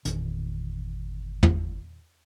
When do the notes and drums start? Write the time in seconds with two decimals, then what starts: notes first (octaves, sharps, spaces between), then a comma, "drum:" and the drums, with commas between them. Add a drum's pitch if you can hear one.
0.05 G1 E2 A#2 D#3, drum: hi-hat
1.43 drum: tom